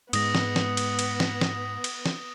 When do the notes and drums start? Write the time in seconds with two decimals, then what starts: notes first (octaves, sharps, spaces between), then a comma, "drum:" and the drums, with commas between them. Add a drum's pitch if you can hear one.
0.13 G#2 G#3 B3 D#6 A#6, drum: cymbal
0.35 drum: snare
0.56 drum: snare
0.77 drum: cymbal
0.99 drum: cymbal
1.20 drum: snare
1.41 drum: snare
1.84 drum: cymbal
2.06 drum: snare